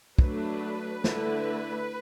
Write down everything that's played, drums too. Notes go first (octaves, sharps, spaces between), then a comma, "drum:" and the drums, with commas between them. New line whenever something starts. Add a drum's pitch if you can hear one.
F#3 A3 D4 B4, drum: kick
D3 A3 E4, drum: snare